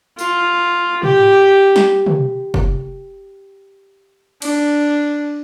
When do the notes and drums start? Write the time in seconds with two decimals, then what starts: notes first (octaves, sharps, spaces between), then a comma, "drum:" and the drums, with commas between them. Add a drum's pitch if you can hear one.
0.19 F4, drum: tambourine
1.03 G4, drum: tom
1.76 drum: snare
2.06 drum: tom
2.54 drum: kick
4.42 D4, drum: cymbal